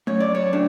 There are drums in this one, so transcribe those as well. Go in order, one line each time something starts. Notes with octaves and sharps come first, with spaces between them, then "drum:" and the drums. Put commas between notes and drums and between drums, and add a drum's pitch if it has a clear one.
F#2 C#5, drum: tom A3
D5
C#5
A3 D4